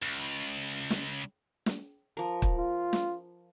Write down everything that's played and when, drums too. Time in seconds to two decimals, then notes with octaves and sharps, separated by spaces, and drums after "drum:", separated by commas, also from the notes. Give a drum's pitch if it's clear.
0.02 C#2
0.90 drum: snare
1.66 drum: snare
2.17 F3 A#4
2.42 drum: kick
2.58 F4
2.93 drum: snare